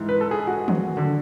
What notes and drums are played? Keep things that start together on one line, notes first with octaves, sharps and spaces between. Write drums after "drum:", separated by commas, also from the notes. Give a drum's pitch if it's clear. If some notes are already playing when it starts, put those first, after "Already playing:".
Already playing: G#2 E3
B4
A4
G#4
F#4
drum: tom D#3
D3